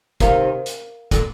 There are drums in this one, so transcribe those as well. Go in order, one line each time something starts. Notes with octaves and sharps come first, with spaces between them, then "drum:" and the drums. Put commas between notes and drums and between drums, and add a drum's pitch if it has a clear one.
C3 D#3 A#4 F5 A#5, drum: kick, hi-hat
drum: hi-hat
A#2 D3, drum: kick, hi-hat